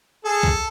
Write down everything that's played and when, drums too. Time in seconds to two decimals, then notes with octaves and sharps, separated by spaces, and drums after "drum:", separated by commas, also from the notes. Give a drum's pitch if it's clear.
0.24 G#4 A4
0.43 drum: kick C2